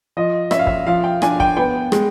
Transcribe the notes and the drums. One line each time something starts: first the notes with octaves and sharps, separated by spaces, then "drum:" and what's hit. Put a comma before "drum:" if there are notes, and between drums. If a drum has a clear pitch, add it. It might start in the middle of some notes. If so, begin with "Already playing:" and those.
F3 D#5
C#4 E5, drum: rim click
F5
E5, drum: kick
F3 F5
G5
D4 G#5, drum: rim click
G5, drum: kick
B3 G5
G#3, drum: rim click